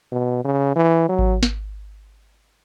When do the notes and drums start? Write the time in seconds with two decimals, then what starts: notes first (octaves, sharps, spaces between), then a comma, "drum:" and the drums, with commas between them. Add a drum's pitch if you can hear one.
0.12 B2
0.45 C#3
0.76 E3
1.09 F#3
1.19 drum: kick G#1
1.43 drum: snare